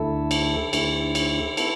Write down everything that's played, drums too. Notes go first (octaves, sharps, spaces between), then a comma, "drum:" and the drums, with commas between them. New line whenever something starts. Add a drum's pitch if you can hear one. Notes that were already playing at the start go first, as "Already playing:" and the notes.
Already playing: D2 D3 A3 E4 A4
drum: cymbal
D2 D3 A3 E4, drum: cymbal
drum: cymbal
B3 E4 A4, drum: cymbal